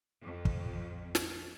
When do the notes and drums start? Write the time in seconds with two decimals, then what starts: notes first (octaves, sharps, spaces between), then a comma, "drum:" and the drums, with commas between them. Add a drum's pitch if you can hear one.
0.22 F2
0.45 drum: kick
1.15 drum: snare